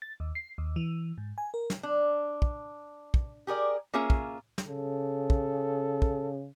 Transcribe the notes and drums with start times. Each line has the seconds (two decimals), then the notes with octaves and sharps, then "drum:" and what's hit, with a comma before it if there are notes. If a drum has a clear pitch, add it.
0.02 A6
0.20 D#2
0.35 C7
0.58 D#2
0.76 E3
1.18 G#2
1.38 G#5
1.54 A#4
1.70 drum: snare
1.83 D4
2.42 drum: kick
3.14 drum: kick
3.47 G4 G#4 A#4 D5
3.94 A#3 C#4 F4 G#4 E5
4.10 drum: kick
4.58 drum: snare
4.67 C#3 A4
5.30 drum: kick
6.02 drum: kick